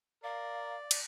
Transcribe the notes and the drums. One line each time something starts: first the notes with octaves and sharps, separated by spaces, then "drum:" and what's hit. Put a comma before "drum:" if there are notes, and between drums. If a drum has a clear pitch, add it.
A#4 D5 F5
drum: cymbal